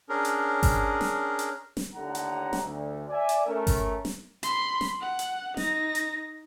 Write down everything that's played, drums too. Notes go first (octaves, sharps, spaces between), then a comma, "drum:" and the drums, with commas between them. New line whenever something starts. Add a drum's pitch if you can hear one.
C#4 D4 G#4 A#4
drum: hi-hat
drum: kick G#1, open hi-hat
drum: snare
drum: hi-hat
drum: snare
D#2 A2 D3 G4 F#5 A#5
drum: hi-hat
drum: snare
D2
D5 E5 G#5
drum: hi-hat
A3 C#4 A#4
drum: kick G#1, open hi-hat
drum: snare
B5 C6, drum: hi-hat
drum: snare
F#5
drum: hi-hat
D#4 A#6, drum: snare
drum: hi-hat